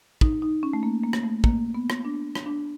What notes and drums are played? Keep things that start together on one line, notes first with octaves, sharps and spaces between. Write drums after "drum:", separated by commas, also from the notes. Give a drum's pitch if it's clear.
D#4, drum: kick
D#4
C#4
A3
A#3
A#3
drum: rim click
A3
A#3, drum: kick
B3
drum: rim click
D4
drum: rim click
D4